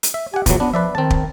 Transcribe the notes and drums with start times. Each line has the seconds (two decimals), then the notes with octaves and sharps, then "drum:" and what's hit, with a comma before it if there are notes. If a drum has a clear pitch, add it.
0.03 drum: hi-hat
0.14 E5
0.34 G4 F#5 G#5
0.46 E2 A#2 E3 F#3, drum: kick, hi-hat
0.60 B3 D4
0.74 F3 B4 D5 E5
0.95 D#3 C4 A5
1.10 drum: kick